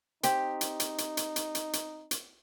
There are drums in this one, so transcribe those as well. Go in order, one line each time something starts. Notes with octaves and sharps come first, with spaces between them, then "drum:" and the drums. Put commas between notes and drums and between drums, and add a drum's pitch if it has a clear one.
C4 D#4 G4, drum: hi-hat
drum: hi-hat
drum: hi-hat
drum: hi-hat
drum: hi-hat
drum: hi-hat
drum: hi-hat
drum: hi-hat
drum: hi-hat